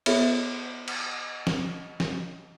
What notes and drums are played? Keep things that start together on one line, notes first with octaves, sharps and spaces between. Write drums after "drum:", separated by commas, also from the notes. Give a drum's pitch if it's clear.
B3 F4 G#4 A4 C#5 E5, drum: cymbal
drum: cymbal
drum: snare
drum: snare